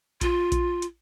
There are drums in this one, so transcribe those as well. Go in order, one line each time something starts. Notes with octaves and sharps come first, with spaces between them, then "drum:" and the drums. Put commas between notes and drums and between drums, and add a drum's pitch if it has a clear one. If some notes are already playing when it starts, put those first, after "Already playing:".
F4, drum: kick A#1, hi-hat
drum: kick A#1, hi-hat
drum: hi-hat